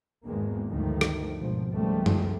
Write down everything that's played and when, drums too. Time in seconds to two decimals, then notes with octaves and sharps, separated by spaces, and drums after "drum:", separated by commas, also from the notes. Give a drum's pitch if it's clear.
0.24 G#1 E2 D#3 G#3 A#3
0.69 D2 G2 D#3 F3 A3
1.01 drum: rim click
1.39 G#1 B2 F3
1.70 C#2 B2 D#3 F3 G3 A3
2.06 drum: tom F#2